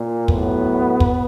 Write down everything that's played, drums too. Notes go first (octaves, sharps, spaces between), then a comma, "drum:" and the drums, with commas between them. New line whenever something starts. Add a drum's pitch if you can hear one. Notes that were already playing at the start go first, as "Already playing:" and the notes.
Already playing: A#2
A2 F#3 B3, drum: kick
drum: kick